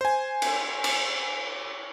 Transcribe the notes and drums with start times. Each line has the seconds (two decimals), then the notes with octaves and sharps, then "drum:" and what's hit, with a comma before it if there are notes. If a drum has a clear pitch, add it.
0.01 C5 G#5
0.42 drum: cymbal
0.84 drum: cymbal